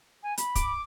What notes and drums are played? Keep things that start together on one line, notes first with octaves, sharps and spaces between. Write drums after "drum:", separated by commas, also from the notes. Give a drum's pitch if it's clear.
G#5
B5, drum: hi-hat
D6, drum: kick, hi-hat